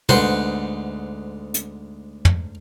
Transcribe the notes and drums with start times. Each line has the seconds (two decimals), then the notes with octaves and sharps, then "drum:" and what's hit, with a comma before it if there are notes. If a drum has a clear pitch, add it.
0.09 D2 G#2 B4 C5 F#5 C6, drum: tom
1.54 drum: hi-hat
2.25 drum: tom